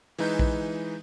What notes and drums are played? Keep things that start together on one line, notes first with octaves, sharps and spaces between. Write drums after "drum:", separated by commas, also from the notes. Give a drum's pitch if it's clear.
E3 G#3 D#4 B4 G6, drum: open hi-hat
drum: kick A#1